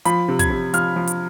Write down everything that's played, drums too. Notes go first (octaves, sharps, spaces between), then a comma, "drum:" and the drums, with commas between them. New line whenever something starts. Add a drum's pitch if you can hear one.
F3 B5, drum: hi-hat
C3
G#6, drum: kick, hi-hat
C3
F3 F6, drum: hi-hat
F3
drum: hi-hat